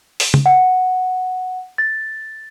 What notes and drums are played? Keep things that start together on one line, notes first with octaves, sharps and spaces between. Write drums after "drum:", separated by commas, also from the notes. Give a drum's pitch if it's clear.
drum: open hi-hat
drum: tom
F#5
A6